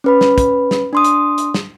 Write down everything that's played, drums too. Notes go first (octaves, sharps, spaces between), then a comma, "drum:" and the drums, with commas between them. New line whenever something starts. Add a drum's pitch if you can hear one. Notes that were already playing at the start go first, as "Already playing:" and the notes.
C#4 B4 B5
drum: snare
drum: kick, hi-hat
drum: snare
D4 C6 D#6
drum: hi-hat
drum: hi-hat
drum: snare